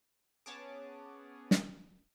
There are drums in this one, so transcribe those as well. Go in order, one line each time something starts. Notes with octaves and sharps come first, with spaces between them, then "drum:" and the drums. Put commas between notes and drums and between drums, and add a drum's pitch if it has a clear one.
B3 C#4 G#4 C#5 A5 D6
drum: snare